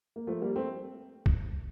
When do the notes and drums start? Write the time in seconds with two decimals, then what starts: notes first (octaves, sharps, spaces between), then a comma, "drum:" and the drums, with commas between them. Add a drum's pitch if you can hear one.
0.16 A#3
0.27 F3 A3
0.42 G3 A#3
0.56 A3 C4
1.26 drum: kick